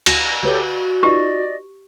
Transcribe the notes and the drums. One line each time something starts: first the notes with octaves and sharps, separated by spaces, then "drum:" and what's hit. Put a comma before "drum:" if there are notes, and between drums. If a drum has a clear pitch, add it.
D2 F#4 A#6, drum: cymbal
D2 F#4 G4 A4 B4 C#5 G6
G#6
D#4 F4 G4 B4 D5 D#5